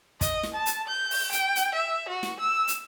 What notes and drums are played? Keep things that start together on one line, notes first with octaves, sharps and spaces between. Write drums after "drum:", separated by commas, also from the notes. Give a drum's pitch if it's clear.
D#5, drum: kick, hi-hat
drum: snare
A5
drum: hi-hat
G6
drum: open hi-hat
G5, drum: hi-hat
drum: hi-hat
E5
F#4
drum: snare
E6
drum: hi-hat